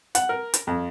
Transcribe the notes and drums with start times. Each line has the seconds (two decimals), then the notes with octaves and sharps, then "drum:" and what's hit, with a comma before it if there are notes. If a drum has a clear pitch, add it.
0.15 F#5, drum: hi-hat
0.29 A#4
0.54 drum: hi-hat
0.67 F2